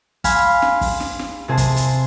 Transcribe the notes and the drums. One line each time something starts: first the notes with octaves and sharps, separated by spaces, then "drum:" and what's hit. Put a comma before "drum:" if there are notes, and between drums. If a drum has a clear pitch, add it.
F5 G#5 B5 C6, drum: kick, hi-hat
drum: snare
drum: kick, open hi-hat
drum: snare
drum: snare
C3 G#4 C5 A5
drum: kick, hi-hat
drum: hi-hat